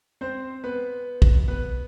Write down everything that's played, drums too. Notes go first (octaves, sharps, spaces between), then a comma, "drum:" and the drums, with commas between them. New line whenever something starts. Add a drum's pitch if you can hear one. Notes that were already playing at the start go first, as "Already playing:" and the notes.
C4 C5
B3 B4
drum: kick
B3 B4